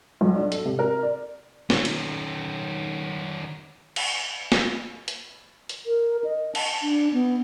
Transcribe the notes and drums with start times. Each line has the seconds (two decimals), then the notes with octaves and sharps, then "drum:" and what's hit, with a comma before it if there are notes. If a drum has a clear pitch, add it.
0.21 B1
0.36 D4
0.52 A4, drum: hi-hat
0.65 C3
0.79 A#4
1.03 D5
1.70 D#3 C#4, drum: snare
1.85 drum: cymbal
3.96 drum: cymbal
4.52 drum: snare
5.08 drum: hi-hat
5.69 drum: hi-hat
5.86 A#4
6.24 D#5
6.55 A5, drum: cymbal
6.83 D4
7.13 B3